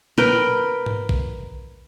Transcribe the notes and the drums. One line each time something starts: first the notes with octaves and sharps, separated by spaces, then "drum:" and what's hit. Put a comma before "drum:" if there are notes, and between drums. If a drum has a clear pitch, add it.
A#4 B4 G5, drum: tom A#2
drum: tom G#2
drum: kick